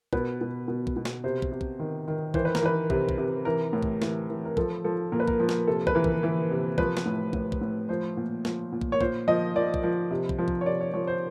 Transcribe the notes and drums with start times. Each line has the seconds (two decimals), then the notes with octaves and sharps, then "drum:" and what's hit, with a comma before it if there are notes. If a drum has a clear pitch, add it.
0.13 B2 B4, drum: kick
0.41 B2
0.68 B2
0.87 drum: kick
0.96 B2
1.05 drum: snare
1.24 C3 C5
1.42 drum: kick
1.52 C3
1.61 drum: kick
1.79 D#3
2.08 D#3
2.34 E3 C5, drum: kick
2.45 B4
2.55 A#4, drum: snare
2.62 E3 B4
2.90 C3, drum: kick
3.09 drum: kick
3.18 C3
3.45 E3 A#4
3.73 A2
3.83 drum: kick
4.02 E3, drum: snare
4.29 E3
4.45 A#4
4.57 F3 A4, drum: kick
4.84 F3 A4
5.12 A#2 A#4
5.20 B4
5.28 A#4, drum: kick
5.40 F3
5.49 drum: snare
5.67 C3 A4
5.87 B4, drum: kick
5.95 E3 A#4
6.04 drum: kick
6.23 E3
6.51 C3
6.78 F3 B4, drum: kick
6.97 drum: snare
7.06 A2
7.33 A2, drum: kick
7.52 drum: kick
7.61 A2
7.89 F3 C5
8.17 A#2
8.45 F3, drum: snare
8.72 A#2
8.81 drum: kick
8.92 C#5
9.01 A#2 C5, drum: kick
9.28 F3 D#5
9.55 F3 D5
9.74 drum: kick
9.83 F3
10.11 C3
10.29 drum: kick
10.39 F3
10.48 drum: kick
10.61 C#5
10.66 C3 D5
10.81 C#5
10.94 F3 C#5
11.07 C5